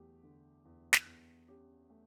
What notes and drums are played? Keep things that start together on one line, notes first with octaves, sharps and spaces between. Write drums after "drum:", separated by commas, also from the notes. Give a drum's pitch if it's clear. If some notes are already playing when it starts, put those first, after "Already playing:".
Already playing: E2 A3 G4
D3
E2
drum: snare
E2
C#4 G4
A3